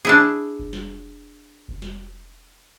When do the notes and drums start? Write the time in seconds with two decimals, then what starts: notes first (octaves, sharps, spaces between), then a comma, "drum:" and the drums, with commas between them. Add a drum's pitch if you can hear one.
0.05 D4 E4 G#4
0.59 drum: kick F1
0.73 drum: snare
1.68 drum: kick F1
1.82 drum: snare